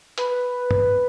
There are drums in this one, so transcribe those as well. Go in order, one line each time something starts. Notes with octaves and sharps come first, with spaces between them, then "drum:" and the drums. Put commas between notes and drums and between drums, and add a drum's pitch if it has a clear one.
B4, drum: hi-hat
drum: tom G2